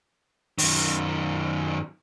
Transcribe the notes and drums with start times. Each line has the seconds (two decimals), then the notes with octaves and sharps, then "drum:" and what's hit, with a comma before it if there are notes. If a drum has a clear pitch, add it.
0.58 F#2 D#3, drum: open hi-hat